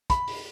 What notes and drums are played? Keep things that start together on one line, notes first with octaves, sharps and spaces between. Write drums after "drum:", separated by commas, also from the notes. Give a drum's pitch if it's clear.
B5, drum: kick, hi-hat
drum: open hi-hat